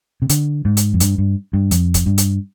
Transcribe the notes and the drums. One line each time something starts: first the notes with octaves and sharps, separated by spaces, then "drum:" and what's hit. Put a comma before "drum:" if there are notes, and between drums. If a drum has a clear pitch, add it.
C3
D3, drum: hi-hat
G#2
drum: hi-hat
F2
G2, drum: hi-hat
G2
G2
F2, drum: hi-hat
drum: kick, hi-hat
G2
drum: hi-hat